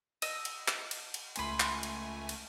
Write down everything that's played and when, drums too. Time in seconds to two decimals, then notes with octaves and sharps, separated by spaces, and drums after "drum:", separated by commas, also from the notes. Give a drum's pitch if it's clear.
0.22 D#5 E6, drum: cymbal
0.45 drum: cymbal
0.68 drum: clap
0.91 drum: cymbal
1.14 drum: cymbal
1.36 C#2 A3 G#5 B5 C6, drum: cymbal
1.60 drum: clap
1.83 drum: cymbal
2.29 drum: cymbal